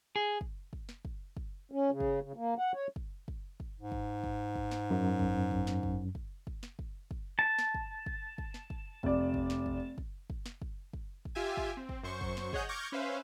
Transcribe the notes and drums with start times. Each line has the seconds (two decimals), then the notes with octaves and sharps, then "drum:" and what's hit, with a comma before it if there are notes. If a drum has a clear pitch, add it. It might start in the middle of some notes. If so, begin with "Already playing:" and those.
0.16 G#4
0.41 drum: kick
0.73 drum: kick
0.89 drum: snare
1.05 drum: kick
1.37 drum: kick
1.72 C#4
1.91 C#3
2.00 drum: kick
2.22 C#3
2.36 A#3
2.58 F#5
2.74 C#5
2.96 drum: kick
3.28 drum: kick
3.60 drum: kick
3.80 G#2
3.92 drum: kick
4.24 drum: kick
4.56 drum: kick
4.71 drum: snare
4.90 F#2
5.19 drum: kick
5.51 drum: kick
5.67 drum: snare
5.83 drum: kick
6.15 drum: kick
6.47 drum: kick
6.63 drum: snare
6.79 drum: kick
7.11 drum: kick
7.39 A5
7.59 drum: snare
7.74 drum: kick
8.06 drum: kick
8.38 drum: kick
8.54 drum: snare
8.70 drum: kick
9.03 F1 D5, drum: kick
9.34 drum: kick
9.50 drum: snare
9.66 drum: kick
9.98 drum: kick
10.30 drum: kick
10.46 drum: snare
10.62 drum: kick
10.93 drum: kick
11.25 drum: kick
11.35 F4 G4 E5 G#5
11.57 drum: kick
11.77 C4
11.89 drum: kick
12.03 F#2 C5 C#6
12.21 drum: kick
12.37 drum: snare
12.53 G#4 C#5 D#5 F#5 G6, drum: kick
12.69 C#6 D6 F6 G6 G#6 A#6
12.92 C#4 B4 C5 E5 F5